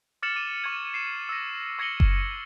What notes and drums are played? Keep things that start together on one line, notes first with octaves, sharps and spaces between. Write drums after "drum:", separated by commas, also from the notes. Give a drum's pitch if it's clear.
D6 F6 A6 C#7 E7 F#7
D6 D#7 E7
C#6 G#6
C7 E7
E6 A#6
C#6 G#6 A#6 C#7 F#7 G7
drum: kick F#1